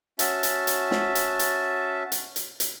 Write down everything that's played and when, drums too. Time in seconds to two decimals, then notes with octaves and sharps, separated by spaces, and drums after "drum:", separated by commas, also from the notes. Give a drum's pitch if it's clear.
0.19 C#4 F#4 E5 A5, drum: hi-hat
0.43 drum: hi-hat
0.67 drum: hi-hat
0.91 drum: snare
1.15 drum: hi-hat
1.39 drum: hi-hat
2.12 drum: hi-hat
2.36 drum: hi-hat
2.60 drum: hi-hat